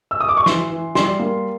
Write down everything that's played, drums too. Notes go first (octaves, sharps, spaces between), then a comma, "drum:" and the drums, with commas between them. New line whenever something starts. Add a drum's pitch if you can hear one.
E6
D#6
D6
C#6
E3 C6, drum: snare
E3
G3 C6, drum: snare
A#3